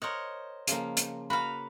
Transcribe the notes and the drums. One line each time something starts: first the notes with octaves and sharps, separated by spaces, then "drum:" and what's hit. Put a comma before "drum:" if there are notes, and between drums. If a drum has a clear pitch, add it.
A#4 C5 C#5 D#5 F#5
C#3 F3 A#3, drum: hi-hat
drum: hi-hat
A#3 F#4 B4 F5 B5